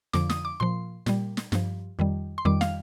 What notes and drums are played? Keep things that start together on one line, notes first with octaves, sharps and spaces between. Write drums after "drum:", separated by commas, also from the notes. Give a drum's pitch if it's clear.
F2 D3 F3 D6, drum: snare
D#6, drum: snare
D6
A#2 F3 C6
A#2 G3, drum: snare
drum: snare
G2 F3, drum: snare
F2 D#3 G3
C6
F2 D#3 G3 D6
F5, drum: snare